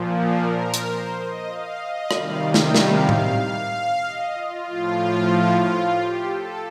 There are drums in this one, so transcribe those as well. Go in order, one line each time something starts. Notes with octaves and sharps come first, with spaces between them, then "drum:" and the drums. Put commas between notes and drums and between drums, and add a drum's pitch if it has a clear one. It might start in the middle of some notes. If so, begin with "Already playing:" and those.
Already playing: A#2 F3
A#4
drum: hi-hat
C5
D#5
F5
D#5
C3 D#3 G3 F5, drum: rim click
D#5
drum: snare
F5, drum: snare
drum: tom A2
F5
D#5
F4
A2 F3
G4
A4